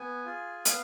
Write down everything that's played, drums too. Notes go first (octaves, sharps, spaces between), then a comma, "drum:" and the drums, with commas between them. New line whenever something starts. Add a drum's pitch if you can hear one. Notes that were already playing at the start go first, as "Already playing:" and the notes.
Already playing: B3 G#5
F4 G#4
B3 F5, drum: hi-hat